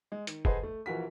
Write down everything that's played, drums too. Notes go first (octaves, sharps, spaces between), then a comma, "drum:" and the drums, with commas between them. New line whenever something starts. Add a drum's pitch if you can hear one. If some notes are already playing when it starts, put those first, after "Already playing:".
G#3
D#3, drum: hi-hat
G#4 A4 B4 C5 D#5 F#5, drum: kick
A3
A#1 E3 F4 F#4 A#4 B6